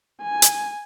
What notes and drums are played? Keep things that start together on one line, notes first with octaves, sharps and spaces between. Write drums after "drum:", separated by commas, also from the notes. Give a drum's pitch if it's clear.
G#5
drum: hi-hat